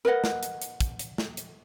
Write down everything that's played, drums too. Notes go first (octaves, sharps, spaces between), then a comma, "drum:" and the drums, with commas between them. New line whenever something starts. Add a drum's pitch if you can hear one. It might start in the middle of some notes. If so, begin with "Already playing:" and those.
A#4 B4 D#5 F#5
drum: snare
drum: hi-hat
drum: hi-hat
drum: kick, hi-hat
drum: hi-hat
drum: snare
drum: hi-hat